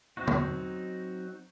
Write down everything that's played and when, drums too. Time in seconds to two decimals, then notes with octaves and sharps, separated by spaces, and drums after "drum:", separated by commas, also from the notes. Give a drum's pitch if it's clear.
0.17 F#3 C4 D#4 F#4
0.27 drum: tom